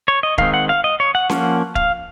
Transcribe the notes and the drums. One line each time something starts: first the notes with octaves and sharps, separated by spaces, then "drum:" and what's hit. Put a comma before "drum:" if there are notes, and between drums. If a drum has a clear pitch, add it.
C#5
D#5
D#3 G#3 C4 F5, drum: kick
F#5
F5
D#5
C#5
F#5
F3 A#3 C#4, drum: snare C#4
F5, drum: kick